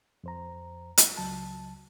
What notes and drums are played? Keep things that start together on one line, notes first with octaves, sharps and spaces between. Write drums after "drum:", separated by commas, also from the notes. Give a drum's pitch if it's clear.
F2 C5 A#5
drum: hi-hat
C#2 F#3 A5